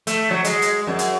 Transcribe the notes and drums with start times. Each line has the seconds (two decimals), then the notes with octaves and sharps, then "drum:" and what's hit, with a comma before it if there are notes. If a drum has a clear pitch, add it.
0.07 A3, drum: hi-hat
0.30 F#3
0.44 G#3, drum: hi-hat
0.62 drum: hi-hat
0.87 F#2
0.99 drum: hi-hat